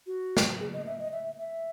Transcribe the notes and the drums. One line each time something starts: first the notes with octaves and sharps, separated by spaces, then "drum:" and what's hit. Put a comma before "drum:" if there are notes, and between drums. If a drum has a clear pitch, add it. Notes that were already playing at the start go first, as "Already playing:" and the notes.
F#4
drum: snare
G#4
D#5
E5
D#5
E5
E5